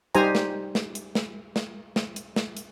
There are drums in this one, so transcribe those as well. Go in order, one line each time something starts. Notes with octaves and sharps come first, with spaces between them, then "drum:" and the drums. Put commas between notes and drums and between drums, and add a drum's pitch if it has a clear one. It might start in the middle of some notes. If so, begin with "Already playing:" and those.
G3 D#4 G4 C5 G#5 A#5, drum: hi-hat
drum: snare
drum: snare
drum: hi-hat
drum: snare
drum: snare
drum: snare
drum: hi-hat
drum: snare
drum: hi-hat